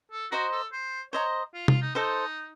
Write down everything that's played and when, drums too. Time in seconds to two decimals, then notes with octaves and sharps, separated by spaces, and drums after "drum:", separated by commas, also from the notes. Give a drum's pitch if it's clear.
0.12 A4
0.32 F#4 C5 D#5 A#5
0.52 A4
0.73 C5
1.13 C5 C#5 D#5 A#5
1.54 F4
1.68 F4, drum: tom C3
1.82 D#4
1.95 D#4 A4 C5 D#5